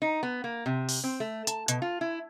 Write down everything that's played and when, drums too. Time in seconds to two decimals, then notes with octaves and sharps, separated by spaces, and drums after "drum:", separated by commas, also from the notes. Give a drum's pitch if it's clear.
0.02 D#4
0.23 B3
0.44 A#3
0.66 C3
0.89 drum: open hi-hat
1.04 C4
1.20 A3
1.47 A5, drum: hi-hat
1.68 B2, drum: hi-hat
1.82 F4
2.01 E4